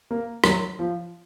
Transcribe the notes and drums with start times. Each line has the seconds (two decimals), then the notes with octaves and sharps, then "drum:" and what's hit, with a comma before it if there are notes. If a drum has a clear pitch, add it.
0.11 A#3
0.44 F#3, drum: rim click
0.79 F3